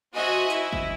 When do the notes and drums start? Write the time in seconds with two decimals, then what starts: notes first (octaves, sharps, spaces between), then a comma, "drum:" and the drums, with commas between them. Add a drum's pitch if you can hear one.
0.14 F#4 C5 D#5 E5 G#5
0.50 E4, drum: hi-hat
0.73 drum: kick G1